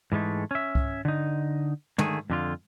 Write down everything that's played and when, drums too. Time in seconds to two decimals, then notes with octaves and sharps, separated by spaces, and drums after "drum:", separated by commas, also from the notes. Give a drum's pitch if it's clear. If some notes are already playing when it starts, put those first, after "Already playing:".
0.12 G#2 E3 G#3 A3
0.51 C#4 E5
0.75 drum: kick C2
1.05 D3 D#4
1.98 D3 D#3 A3 G#4, drum: tom
2.30 F2 D3 F4